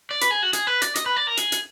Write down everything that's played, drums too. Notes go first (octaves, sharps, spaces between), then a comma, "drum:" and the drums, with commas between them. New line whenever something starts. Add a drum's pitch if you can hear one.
D5
B4, drum: hi-hat
G#4
F#4
G#4, drum: hi-hat
B4
D5, drum: hi-hat
D#5, drum: hi-hat
B4
D5
A#4
G#4, drum: hi-hat
drum: hi-hat